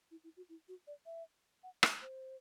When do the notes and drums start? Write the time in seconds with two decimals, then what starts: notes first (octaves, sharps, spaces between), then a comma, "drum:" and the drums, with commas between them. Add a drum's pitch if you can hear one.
0.11 E4
0.24 E4
0.37 F#4
0.49 E4
0.68 F#4
0.87 D5
1.06 E5
1.63 F#5
1.83 E5, drum: rim click
2.02 C5